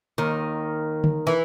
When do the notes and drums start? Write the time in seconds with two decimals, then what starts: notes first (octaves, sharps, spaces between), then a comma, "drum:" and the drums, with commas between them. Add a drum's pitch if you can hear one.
0.18 D#2 D#3
1.04 drum: tom
1.27 E3